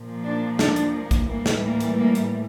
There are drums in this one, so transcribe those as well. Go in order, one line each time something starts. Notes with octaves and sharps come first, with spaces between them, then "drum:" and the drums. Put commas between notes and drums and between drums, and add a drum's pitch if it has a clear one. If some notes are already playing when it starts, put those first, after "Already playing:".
Already playing: A#2 F3
D4
D4, drum: snare
drum: hi-hat
A#3
drum: kick A#1, hi-hat
A2 E3 G3 A#3
drum: snare
A#3
drum: hi-hat
A#3
drum: hi-hat